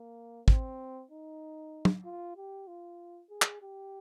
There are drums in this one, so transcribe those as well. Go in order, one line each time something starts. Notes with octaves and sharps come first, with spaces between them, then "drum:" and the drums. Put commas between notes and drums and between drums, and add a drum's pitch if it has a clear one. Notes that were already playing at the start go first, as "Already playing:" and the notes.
Already playing: A#3
C4, drum: kick
D#4
drum: tom
F4
G4
F4
G#4
drum: clap
G4